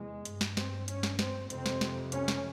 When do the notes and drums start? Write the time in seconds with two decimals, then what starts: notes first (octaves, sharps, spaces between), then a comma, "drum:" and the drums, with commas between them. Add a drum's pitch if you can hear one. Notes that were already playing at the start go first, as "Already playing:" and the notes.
Already playing: E2 C3 G#3
0.25 G2, drum: hi-hat
0.41 drum: snare
0.57 C4, drum: snare
0.88 C#4, drum: hi-hat
1.03 drum: snare
1.19 C4, drum: snare
1.50 F2 C3 C4, drum: hi-hat
1.66 drum: snare
1.81 drum: snare
2.12 C#4, drum: hi-hat
2.28 drum: snare